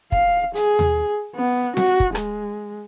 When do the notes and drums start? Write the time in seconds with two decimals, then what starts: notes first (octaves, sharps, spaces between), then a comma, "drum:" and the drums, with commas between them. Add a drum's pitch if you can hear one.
0.12 F5, drum: kick
0.55 G#4, drum: hi-hat
0.79 drum: tom D#2
1.35 B3
1.77 F#4, drum: snare C4
2.00 drum: kick
2.15 G#3, drum: rim click